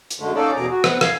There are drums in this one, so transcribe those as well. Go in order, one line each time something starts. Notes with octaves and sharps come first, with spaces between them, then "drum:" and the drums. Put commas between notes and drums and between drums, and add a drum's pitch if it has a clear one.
drum: hi-hat
F#2 D3 G#3 A3
A#3 C#4 D#4 A4 D5
E2 B2 G#4 A#5 D6
F#4
B3 C4 F#5, drum: rim click
F5 G#5, drum: rim click